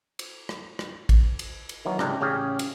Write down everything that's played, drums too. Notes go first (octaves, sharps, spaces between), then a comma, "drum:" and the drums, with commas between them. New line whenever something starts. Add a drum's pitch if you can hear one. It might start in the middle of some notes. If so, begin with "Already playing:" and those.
drum: cymbal
drum: rim click
drum: rim click
drum: kick A1, cymbal
drum: cymbal
drum: cymbal
D#3 E3 F#3 A#3
C#2 G#2 C3 D4 G5, drum: rim click
A1 C#3 C#4 G4 G#4 F5
drum: cymbal